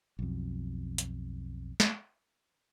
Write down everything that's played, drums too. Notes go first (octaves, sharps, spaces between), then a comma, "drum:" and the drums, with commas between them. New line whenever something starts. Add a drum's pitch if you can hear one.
B1 F2
drum: hi-hat
drum: snare